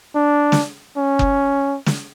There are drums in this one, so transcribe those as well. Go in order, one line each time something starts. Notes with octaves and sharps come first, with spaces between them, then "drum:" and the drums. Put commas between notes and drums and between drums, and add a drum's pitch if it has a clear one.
D4
drum: snare
C#4
drum: kick F#1
drum: snare